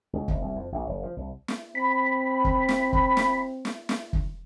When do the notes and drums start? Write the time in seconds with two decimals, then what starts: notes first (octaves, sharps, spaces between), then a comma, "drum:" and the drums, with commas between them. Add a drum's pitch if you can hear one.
0.13 C#2
0.28 F1, drum: kick
0.42 C2
0.56 F2
0.72 A#1
0.87 F#1
1.03 F3
1.17 C2
1.48 drum: snare
1.75 C4 B5
2.44 drum: kick
2.69 drum: snare
2.93 drum: kick
3.17 drum: snare
3.65 drum: snare
3.89 drum: snare
4.13 drum: kick